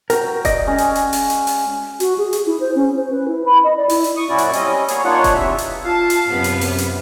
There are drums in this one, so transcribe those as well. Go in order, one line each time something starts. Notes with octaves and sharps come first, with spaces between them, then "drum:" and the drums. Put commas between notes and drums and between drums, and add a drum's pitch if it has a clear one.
F#4 A#4 G5, drum: hi-hat
D5 D#5, drum: kick F1, hi-hat
G#3 C#4
drum: hi-hat
drum: hi-hat
drum: open hi-hat
drum: hi-hat
drum: open hi-hat
F#4, drum: hi-hat
G#4
drum: hi-hat
E4
C5
C#4
C5
B4
E4
B5
D#5
D5
E4, drum: open hi-hat
drum: hi-hat
C#6 D#6
F#2 A#2 C#4 E4 F#4 D5
drum: hi-hat
G3 C4 C#4 D#5, drum: hi-hat
A#3 B3 G#4 C#5, drum: hi-hat
A#3 D4 D#4 F4 C#5 F#5
drum: kick F1, hi-hat
E2 C3 E3 E5
drum: hi-hat
F4 F5 A5
drum: hi-hat
F#2 C3 B3
drum: hi-hat
drum: open hi-hat
drum: hi-hat